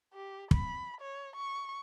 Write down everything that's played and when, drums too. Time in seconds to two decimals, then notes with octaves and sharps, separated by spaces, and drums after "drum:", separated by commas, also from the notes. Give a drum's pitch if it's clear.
0.14 G4
0.51 B5, drum: kick
1.01 C#5
1.36 C#6